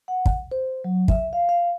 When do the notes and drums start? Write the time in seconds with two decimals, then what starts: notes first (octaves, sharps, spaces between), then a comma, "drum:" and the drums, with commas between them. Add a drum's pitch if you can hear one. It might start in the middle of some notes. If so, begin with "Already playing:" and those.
0.08 F#5
0.26 drum: kick
0.51 C5
0.84 F#3
1.08 E5, drum: kick
1.33 F5
1.49 F5